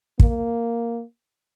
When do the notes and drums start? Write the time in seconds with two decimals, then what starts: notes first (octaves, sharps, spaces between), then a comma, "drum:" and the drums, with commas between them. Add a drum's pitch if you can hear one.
0.20 A#3, drum: kick